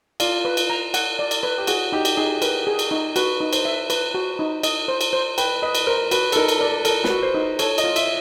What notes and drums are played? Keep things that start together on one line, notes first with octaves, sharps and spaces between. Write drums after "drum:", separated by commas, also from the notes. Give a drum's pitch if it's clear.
F4 D5, drum: cymbal
B4
drum: cymbal
A#5
F#5, drum: cymbal
D5
drum: cymbal
B4
G4
F#4 G#4, drum: cymbal
D#4 G4
drum: cymbal
D#4 G#4
A#4 B4, drum: cymbal
G#4
drum: cymbal
D#4
F#4 B4, drum: cymbal
D#4
C5, drum: cymbal
E5
B4, drum: cymbal
F#4
D#4
D#5, drum: cymbal
C5
drum: cymbal
C5
B4 G5, drum: cymbal
B4 D#5
drum: cymbal
A#4 C5
F#4 B4, drum: cymbal
A4, drum: cymbal
D#4 A#4
drum: cymbal
A#4 D5
A4 A#4, drum: cymbal
B4, drum: snare
F#4
C5
D#4
A4 C#5, drum: cymbal
D#5, drum: cymbal
F4
E5, drum: cymbal